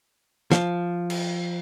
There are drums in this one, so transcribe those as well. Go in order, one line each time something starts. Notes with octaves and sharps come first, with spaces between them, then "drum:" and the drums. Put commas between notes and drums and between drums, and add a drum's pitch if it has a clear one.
F3, drum: snare
drum: cymbal